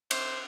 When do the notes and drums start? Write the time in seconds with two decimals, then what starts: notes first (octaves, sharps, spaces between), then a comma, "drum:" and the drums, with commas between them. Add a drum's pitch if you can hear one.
0.11 C5, drum: cymbal